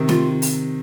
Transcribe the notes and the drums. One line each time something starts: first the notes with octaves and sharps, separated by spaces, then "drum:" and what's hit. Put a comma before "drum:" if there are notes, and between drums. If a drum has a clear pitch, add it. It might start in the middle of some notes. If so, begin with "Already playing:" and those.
Already playing: C3 D#3
F4, drum: snare
drum: open hi-hat